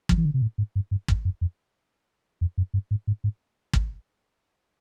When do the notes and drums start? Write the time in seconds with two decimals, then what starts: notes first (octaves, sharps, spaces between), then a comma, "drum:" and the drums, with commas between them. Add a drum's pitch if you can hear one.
0.09 F3, drum: kick
0.17 E3
0.25 D3
0.34 C3
0.42 A2
0.58 G#2
0.75 G2
0.91 G2
1.08 F#2, drum: kick
1.25 F#2
1.41 F2
2.41 F2
2.58 F#2
2.74 G2
2.91 G#2
3.07 G#2
3.24 G#2
3.74 drum: kick